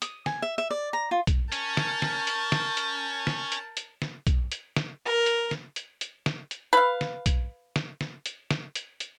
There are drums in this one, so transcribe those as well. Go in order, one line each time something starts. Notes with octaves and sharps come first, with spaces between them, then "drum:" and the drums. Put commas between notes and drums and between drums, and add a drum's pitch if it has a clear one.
D#6, drum: hi-hat
G#5, drum: snare
E5
E5
D5
A#5
F4
drum: kick, hi-hat
C#4 A#4 A5 G6, drum: hi-hat
drum: snare
drum: snare
drum: hi-hat
drum: snare
drum: hi-hat
drum: snare
drum: hi-hat
drum: hi-hat
drum: snare
drum: kick, hi-hat
drum: hi-hat
drum: snare
A#4
drum: hi-hat
drum: snare
drum: hi-hat
drum: hi-hat
drum: snare
drum: hi-hat
B4 F5
drum: snare
drum: kick, hi-hat
drum: snare
drum: snare
drum: hi-hat
drum: snare
drum: hi-hat
drum: hi-hat